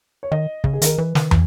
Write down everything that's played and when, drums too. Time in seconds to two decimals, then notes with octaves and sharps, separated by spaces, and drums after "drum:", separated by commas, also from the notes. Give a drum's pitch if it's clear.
0.23 C#5
0.32 D#3 D#5
0.64 C#3, drum: kick
0.73 G#4
0.82 D#3 A#4, drum: hi-hat
0.98 E3 B4
1.15 D#3, drum: snare
1.31 E3, drum: tom